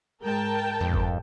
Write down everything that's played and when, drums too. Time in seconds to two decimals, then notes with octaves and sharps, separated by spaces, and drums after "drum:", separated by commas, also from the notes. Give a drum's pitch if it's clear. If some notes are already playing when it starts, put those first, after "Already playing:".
0.22 G#2 G#3 A#4 G5 A5
0.81 F2 G#2
0.94 drum: kick